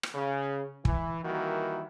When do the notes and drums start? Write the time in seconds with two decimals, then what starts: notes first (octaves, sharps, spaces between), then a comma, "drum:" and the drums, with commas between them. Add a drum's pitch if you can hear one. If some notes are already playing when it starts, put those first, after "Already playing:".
0.03 drum: rim click
0.15 C#3
0.85 E3, drum: kick
1.24 D#3 E3 G3 A#3 E4 F#4